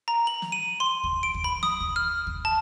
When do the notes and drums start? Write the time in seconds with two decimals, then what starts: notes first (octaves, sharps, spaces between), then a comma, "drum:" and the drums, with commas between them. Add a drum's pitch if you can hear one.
0.08 A#5
0.27 F#7
0.42 drum: snare
0.52 D#7
0.80 C6
1.04 drum: kick
1.23 D7
1.34 drum: kick
1.44 B5
1.63 D#6, drum: snare
1.81 drum: kick
1.96 F6
2.27 drum: kick
2.45 A5